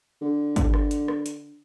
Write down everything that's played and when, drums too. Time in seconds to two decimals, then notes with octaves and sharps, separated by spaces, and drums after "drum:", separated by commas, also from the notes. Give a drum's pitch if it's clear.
0.22 D3
0.56 drum: kick, hi-hat
0.74 drum: rim click
0.91 drum: hi-hat
1.08 drum: rim click
1.26 drum: hi-hat